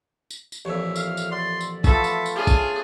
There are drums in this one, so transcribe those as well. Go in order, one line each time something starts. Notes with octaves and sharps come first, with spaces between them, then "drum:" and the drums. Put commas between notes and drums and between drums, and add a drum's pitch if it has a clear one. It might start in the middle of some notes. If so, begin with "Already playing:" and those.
drum: tambourine
drum: tambourine
A1 F2 A#2 C#5 E5
F5, drum: tambourine
drum: tambourine
D5 F#5 C6
drum: tambourine
A3 B3 F4 A4 E5, drum: kick, tambourine
drum: tambourine
drum: tambourine
A3 C#4 D4 F4 G#4
drum: kick, tambourine